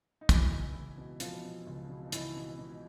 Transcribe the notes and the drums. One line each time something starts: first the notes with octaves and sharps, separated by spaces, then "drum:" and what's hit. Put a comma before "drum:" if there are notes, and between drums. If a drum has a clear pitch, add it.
D#4
B2 E3 E4, drum: kick, hi-hat
C#2
C#2
B2
B2 F3 F4, drum: hi-hat
B2
C#2
B2
D#4
C#2 E3 E4, drum: hi-hat
B2
B2